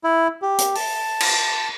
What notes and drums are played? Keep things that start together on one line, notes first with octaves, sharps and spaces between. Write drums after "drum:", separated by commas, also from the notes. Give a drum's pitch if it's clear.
E4
G4
drum: hi-hat
A5, drum: open hi-hat
drum: cymbal